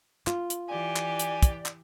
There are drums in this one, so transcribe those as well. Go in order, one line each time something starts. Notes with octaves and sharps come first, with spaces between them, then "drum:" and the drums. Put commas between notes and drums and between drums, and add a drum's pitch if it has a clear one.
F4, drum: clap
drum: hi-hat
E3 G4 D5 G#5
drum: clap
drum: hi-hat
drum: kick, hi-hat
drum: clap